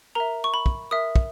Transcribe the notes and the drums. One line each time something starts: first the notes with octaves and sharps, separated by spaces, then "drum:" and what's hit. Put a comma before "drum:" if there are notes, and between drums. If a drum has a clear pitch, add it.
A#4 E5 A#5
C#6
B5
drum: kick
A#4 E5 D#6
drum: kick